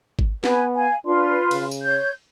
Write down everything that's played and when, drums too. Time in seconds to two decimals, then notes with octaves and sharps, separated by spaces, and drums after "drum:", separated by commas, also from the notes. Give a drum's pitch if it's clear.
0.19 drum: kick G#1
0.44 B3 B4 G#5, drum: snare
0.76 F5 G#5
1.05 D4 F4 B4 C6
1.51 C#3, drum: cymbal
1.71 drum: tambourine
1.82 C#5 G6